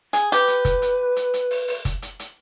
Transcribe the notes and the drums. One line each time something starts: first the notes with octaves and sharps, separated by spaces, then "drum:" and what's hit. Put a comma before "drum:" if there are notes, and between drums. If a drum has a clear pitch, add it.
G#4, drum: hi-hat
G4 B4, drum: hi-hat
drum: hi-hat
drum: kick F#1, hi-hat
drum: hi-hat
drum: hi-hat
drum: hi-hat
drum: open hi-hat
drum: open hi-hat
drum: kick F#1, hi-hat
drum: hi-hat
drum: hi-hat